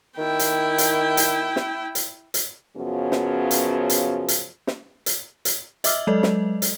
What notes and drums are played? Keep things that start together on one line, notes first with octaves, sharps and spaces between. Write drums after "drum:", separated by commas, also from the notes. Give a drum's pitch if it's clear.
D#3 E4 G5
drum: hi-hat
drum: hi-hat
drum: hi-hat
drum: snare
drum: hi-hat
drum: hi-hat
F#2 C#3 F3 F#3 B3
drum: snare
drum: hi-hat
drum: hi-hat
drum: hi-hat
drum: snare
drum: hi-hat
drum: hi-hat
D#5 E5 D6 E6 F6, drum: hi-hat
F#3 G#3 A4 D5 D#5
drum: snare
drum: hi-hat